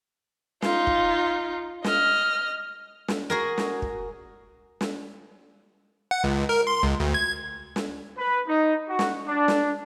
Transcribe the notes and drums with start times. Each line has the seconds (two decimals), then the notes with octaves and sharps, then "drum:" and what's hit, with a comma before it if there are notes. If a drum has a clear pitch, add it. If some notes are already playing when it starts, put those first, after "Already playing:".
0.62 D#4 F4, drum: snare
0.87 drum: kick
1.84 D#5 F6, drum: snare
3.08 drum: snare
3.30 F#4 G#4 A#4
3.58 drum: snare
3.82 drum: kick
4.81 drum: snare
6.11 F#5
6.24 C#2
6.49 A#4
6.67 C6
6.83 C#2
7.00 D2
7.14 G#6
7.76 drum: snare
8.18 B4
8.48 D#4
8.89 F#4
8.99 drum: snare
9.26 D4
9.48 drum: snare